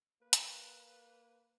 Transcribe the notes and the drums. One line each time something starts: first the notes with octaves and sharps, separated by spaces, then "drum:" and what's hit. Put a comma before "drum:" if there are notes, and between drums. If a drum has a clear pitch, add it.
A#3 B4
drum: hi-hat